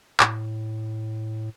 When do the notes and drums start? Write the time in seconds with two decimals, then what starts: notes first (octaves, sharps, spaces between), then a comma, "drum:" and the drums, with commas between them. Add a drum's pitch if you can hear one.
0.20 A2, drum: clap